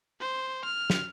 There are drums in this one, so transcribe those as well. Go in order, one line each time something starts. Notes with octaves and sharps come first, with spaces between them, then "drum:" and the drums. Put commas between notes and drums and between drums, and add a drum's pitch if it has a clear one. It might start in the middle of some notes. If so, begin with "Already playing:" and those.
C5
F6
drum: snare